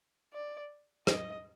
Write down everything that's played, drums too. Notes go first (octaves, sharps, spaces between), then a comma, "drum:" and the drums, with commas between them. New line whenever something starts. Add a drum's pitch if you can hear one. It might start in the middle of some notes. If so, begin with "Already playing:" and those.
D5
D#5, drum: rim click